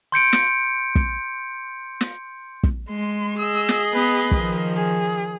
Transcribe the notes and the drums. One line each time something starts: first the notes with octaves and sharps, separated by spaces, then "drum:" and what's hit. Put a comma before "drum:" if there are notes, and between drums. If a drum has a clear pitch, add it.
C6 G6 C#7 D7
drum: snare
drum: kick
drum: snare
drum: kick
G#3 C6
G#4 D#5 E6
drum: snare
B3 B4
D#3 F3, drum: kick
G#4